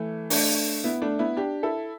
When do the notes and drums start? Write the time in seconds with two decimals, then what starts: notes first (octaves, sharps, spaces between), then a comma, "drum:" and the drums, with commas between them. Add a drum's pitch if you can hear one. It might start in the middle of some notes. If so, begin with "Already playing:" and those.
Already playing: E3 A3
0.30 A3 D4, drum: open hi-hat
0.84 B3 E4
1.02 A3 D4
1.19 B3 E4
1.37 D4 G4
1.63 E4 A4